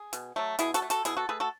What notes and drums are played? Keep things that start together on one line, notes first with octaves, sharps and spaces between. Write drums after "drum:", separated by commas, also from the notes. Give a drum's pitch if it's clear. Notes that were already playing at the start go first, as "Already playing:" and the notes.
Already playing: G#4
B2, drum: hi-hat
F#3 A3
B2 E4 G#4, drum: hi-hat
F#4 A4, drum: hi-hat
A3
F#4 A4, drum: hi-hat
B2 E4 G#4, drum: hi-hat
F#4 A4
A3 G#4 B4
F#4 A4